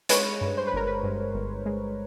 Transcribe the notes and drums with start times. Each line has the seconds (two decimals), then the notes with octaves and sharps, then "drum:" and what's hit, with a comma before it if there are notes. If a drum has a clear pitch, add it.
0.09 G#3 B4 C#5, drum: hi-hat
0.41 G2
0.57 C5
0.67 B4
0.73 G1 A#4
0.87 B4
1.03 G2
1.34 G1
1.66 G#3